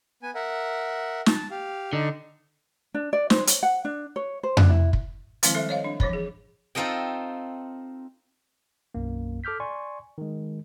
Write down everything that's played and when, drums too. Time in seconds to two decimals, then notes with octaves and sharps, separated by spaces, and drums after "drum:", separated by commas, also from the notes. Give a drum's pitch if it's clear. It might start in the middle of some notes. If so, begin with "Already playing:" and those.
0.23 B3 G#5
0.35 A#4 E5 F#5
1.26 A5, drum: snare
1.51 G4 F5
1.93 D3 D#4
2.94 D4
3.13 D5
3.30 C5, drum: snare
3.47 C#5, drum: hi-hat
3.63 F#5
3.85 D4
4.16 C#5
4.43 C5
4.57 D4, drum: tom F2
4.70 E4
4.93 drum: kick
5.43 D#3 F3 G#3 C4 E4, drum: hi-hat
5.55 G3 A4 C5 E5
5.69 C#5 D#5 F5
5.84 D4
6.00 E3 F3 C#5 B5, drum: kick
6.13 G#4
6.75 C4 D#4 F4 A4 D#5 G5
8.95 B1 F#2 A#3
9.44 A4 D6 F6 G6 B6
9.60 D5 G#5 C6 C#6
10.18 D#3 G#3